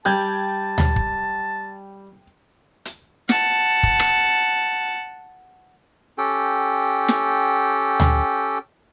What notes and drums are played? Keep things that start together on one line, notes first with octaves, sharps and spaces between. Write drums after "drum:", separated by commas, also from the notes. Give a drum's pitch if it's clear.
G3 G5 A5 G6 G#6
drum: tom D2
drum: kick
drum: hi-hat
F#5 A5, drum: snare
drum: kick
drum: rim click
C#4 G4 A4 G5
drum: snare
drum: tom D2